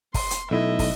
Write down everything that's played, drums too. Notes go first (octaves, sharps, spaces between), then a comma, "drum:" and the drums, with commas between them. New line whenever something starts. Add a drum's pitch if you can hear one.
C6, drum: kick, open hi-hat
drum: hi-hat
B1 A3 E4 D#5 E5
drum: kick, open hi-hat